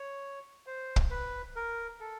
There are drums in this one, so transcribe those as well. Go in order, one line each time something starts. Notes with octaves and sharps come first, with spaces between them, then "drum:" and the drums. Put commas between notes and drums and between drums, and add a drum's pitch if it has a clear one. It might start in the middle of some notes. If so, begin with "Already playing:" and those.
Already playing: C#5
C5
drum: kick
B4
A#4
A4